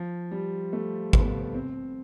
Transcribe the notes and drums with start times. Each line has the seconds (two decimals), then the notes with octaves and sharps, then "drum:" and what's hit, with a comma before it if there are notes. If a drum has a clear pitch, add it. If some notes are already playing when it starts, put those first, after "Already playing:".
Already playing: F3
0.31 G3
0.73 A3
1.13 B3, drum: kick G#1
1.54 C4